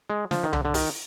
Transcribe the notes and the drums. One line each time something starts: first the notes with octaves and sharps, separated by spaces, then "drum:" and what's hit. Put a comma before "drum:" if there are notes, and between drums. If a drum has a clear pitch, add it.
G#3
F3, drum: snare
D#3
D3, drum: tom C2
D3
D#3, drum: open hi-hat